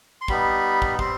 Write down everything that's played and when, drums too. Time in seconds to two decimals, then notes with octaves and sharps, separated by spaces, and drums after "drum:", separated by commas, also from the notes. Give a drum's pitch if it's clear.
0.21 C6
0.28 G3 B3 D#4 B5, drum: kick
0.82 drum: kick
0.99 G3 C4 C6, drum: kick